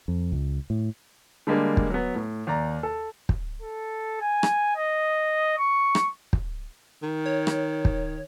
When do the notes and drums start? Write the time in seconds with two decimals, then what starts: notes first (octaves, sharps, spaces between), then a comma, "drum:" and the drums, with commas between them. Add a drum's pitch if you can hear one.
0.08 F2
0.32 C#2
0.70 A2
1.47 D3 G3 G#3 A#3 D4
1.77 drum: kick
1.90 F#3 B3
2.15 A2
2.47 D#2 D5 A#5
2.83 A4
3.29 drum: kick
3.62 A4
4.21 G#5
4.43 drum: rim click
4.76 D#5
5.58 C#6
5.95 drum: rim click
6.33 drum: kick
7.03 D#3
7.26 C#5
7.47 drum: rim click
7.85 drum: kick